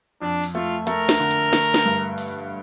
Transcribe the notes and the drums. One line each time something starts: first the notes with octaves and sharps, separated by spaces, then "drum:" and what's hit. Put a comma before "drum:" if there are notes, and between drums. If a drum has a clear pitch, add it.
F2 D4
drum: open hi-hat
A3 F4
A3 A#4, drum: hi-hat
drum: snare
D3
drum: hi-hat
A3, drum: snare
drum: snare
G2
drum: open hi-hat